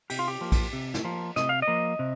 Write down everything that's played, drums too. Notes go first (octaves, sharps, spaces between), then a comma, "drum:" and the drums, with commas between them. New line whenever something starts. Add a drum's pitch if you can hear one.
C3 G4, drum: cymbal
F4
G4
F3 A#3
drum: kick A#1, cymbal
C3
drum: snare
F3 A#3
C3 D#5, drum: snare
F5
D#5
F3 A#3
C3